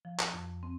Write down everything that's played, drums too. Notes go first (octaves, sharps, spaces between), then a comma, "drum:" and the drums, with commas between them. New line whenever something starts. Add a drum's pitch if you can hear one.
F3
drum: clap
F2
C4